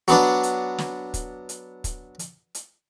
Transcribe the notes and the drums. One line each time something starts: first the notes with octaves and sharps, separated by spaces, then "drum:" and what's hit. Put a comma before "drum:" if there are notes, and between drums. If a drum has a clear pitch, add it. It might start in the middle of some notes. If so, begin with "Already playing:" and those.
F#3 B3 D4, drum: hi-hat
drum: hi-hat
drum: snare
drum: kick, hi-hat
drum: hi-hat
drum: kick, hi-hat
drum: hi-hat
drum: hi-hat